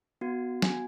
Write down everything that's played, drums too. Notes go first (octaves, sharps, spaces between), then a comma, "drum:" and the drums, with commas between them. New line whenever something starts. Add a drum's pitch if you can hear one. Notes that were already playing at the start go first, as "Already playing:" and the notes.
B3 F#4
G#5, drum: snare